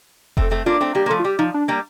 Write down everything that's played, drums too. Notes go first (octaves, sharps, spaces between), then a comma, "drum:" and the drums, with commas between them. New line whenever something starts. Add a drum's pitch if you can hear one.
A3 C4 A4, drum: kick F1
A3 C4
A#3 D4 F4
A3 C4
G3 A#3 G4
A#3
F3 A3 A4
F4
G3 G4
F3 D#4
D4
G3 A#3